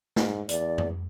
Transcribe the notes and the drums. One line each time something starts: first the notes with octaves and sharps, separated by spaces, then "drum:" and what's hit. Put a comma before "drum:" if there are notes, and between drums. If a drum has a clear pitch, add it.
G#2, drum: snare
E2 D5, drum: hi-hat
drum: tom F2